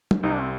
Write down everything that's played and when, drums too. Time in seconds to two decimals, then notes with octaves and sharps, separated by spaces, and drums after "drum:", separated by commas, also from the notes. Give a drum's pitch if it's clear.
0.11 drum: tom
0.23 C2 C3 D#4
0.32 D4
0.41 C4